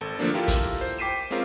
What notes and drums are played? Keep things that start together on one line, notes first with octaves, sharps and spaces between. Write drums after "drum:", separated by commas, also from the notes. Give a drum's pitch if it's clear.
G#1 A4
D3 F3 A3 A#3 D4
E4 F4 G4 A4 A#4
drum: kick, hi-hat
C5
G5 D6 B6 C7 D#7 E7
G#3 C4 C#4 F4 A#4